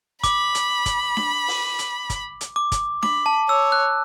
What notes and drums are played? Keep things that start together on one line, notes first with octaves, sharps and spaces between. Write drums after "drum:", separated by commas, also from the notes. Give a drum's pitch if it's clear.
B5 D6, drum: kick, hi-hat
drum: hi-hat
drum: kick, hi-hat
drum: snare D4
drum: open hi-hat
drum: hi-hat
drum: kick, hi-hat
drum: hi-hat
D6
drum: kick, hi-hat
B5 D6, drum: snare D4
A5
C#5 E6
F#6